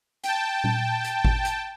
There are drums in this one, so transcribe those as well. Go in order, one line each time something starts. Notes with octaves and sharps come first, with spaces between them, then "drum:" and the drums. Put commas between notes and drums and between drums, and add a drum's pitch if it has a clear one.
G5 A5, drum: hi-hat
drum: tom A#2
drum: hi-hat
drum: kick G#1
drum: hi-hat